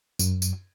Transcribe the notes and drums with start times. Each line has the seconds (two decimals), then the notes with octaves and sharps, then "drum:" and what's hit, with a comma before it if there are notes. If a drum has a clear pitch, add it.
0.19 F#2, drum: tambourine
0.42 drum: tambourine